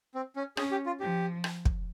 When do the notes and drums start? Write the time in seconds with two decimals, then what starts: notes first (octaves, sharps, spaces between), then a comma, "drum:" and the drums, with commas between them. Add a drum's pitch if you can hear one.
0.15 C4
0.36 C#4
0.57 C#4 G#4, drum: rim click
0.71 G4
0.86 F4
1.00 F3 G4
1.44 drum: rim click
1.65 drum: kick